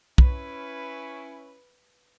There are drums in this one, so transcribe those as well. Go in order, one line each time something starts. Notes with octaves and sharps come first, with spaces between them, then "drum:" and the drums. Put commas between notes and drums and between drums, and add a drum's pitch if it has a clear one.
C#4 E4 B4, drum: kick